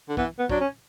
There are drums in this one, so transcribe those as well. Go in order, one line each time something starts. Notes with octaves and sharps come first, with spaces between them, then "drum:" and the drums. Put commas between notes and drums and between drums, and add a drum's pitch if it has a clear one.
D3
E3 B3, drum: kick
B3
F#3 D4, drum: kick
C#4